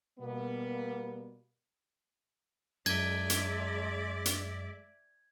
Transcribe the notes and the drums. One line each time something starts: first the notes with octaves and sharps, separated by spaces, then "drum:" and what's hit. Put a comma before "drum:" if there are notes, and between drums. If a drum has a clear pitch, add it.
B2 G3 A#3 B3
F#2 G#3 D5 E5 G#6, drum: cymbal
drum: hi-hat
drum: hi-hat